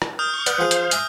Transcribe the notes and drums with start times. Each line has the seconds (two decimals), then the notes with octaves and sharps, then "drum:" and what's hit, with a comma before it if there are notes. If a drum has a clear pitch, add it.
0.02 drum: rim click
0.19 D#6 F6 G6
0.34 C#6
0.46 B4 D5 F#5, drum: hi-hat
0.59 F3 G#4
0.71 C5 F5, drum: hi-hat
0.91 E5 G#5 A#5 F6, drum: hi-hat